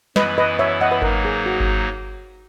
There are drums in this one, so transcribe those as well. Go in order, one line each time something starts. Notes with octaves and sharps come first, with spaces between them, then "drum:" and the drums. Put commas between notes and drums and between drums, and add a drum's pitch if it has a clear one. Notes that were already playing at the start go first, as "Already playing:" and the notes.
F#2 E3 B3 E4 B4 D#5, drum: snare
B4 D#5
C#5 E5
D#5 F#5
B4
G#2 F#3 A#3 D#4 A#4, drum: kick G1
G#4
F#4
drum: kick G1